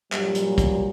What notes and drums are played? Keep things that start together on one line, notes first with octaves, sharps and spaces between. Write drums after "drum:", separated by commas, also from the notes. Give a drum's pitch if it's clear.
G2 A#2 F#3 G3, drum: clap
drum: hi-hat
drum: kick, hi-hat